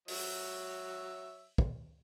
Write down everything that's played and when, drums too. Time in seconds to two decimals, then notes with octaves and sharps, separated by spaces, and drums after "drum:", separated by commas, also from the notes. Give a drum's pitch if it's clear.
0.08 F#3 C#5 E5, drum: open hi-hat
1.58 drum: kick